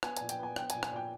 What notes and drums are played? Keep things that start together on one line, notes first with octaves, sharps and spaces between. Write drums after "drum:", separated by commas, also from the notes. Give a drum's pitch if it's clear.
B3 G#5, drum: rim click
A#2 G#5, drum: hi-hat
G5, drum: hi-hat
B3 G#5
B3 G5, drum: rim click
G#5, drum: hi-hat
A#2
G#5, drum: rim click
A#2 G5